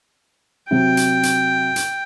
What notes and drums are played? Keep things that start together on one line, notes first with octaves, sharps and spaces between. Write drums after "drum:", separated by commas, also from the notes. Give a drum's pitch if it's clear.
C3 F#3 G5
drum: hi-hat
drum: hi-hat
drum: hi-hat